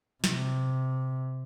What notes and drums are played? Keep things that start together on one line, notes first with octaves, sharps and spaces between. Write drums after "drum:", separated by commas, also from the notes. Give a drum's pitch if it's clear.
C3, drum: snare